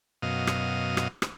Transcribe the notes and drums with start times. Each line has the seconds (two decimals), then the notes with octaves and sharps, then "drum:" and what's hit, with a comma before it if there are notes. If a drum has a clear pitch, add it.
0.22 F#2 B2 D#5 F5
0.47 drum: rim click
0.97 drum: rim click
1.22 drum: rim click